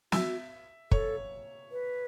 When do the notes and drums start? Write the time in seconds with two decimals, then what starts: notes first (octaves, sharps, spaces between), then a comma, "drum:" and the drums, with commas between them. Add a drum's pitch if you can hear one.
0.12 F#4 E5 E6, drum: snare
0.91 A4 C#5 C#6, drum: kick
1.72 B4